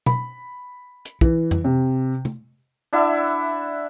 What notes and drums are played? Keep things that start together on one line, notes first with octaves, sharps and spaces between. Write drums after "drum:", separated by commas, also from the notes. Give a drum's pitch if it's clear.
B5, drum: tom
drum: hi-hat
E3, drum: kick
drum: tom
C3
drum: tom
D4 E4 E5 F#5